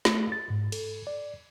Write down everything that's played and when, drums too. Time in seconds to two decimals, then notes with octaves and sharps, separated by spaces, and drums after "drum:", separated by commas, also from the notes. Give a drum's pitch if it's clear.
0.05 A3, drum: snare
0.32 A6
0.50 G#2
0.72 A4, drum: cymbal
1.07 D5